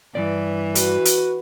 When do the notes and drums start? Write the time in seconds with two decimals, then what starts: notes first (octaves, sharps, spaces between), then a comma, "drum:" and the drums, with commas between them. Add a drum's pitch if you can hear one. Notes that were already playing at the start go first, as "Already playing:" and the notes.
0.15 G2 A#2 E3 D5
0.75 F#4 B4, drum: hi-hat
1.05 drum: hi-hat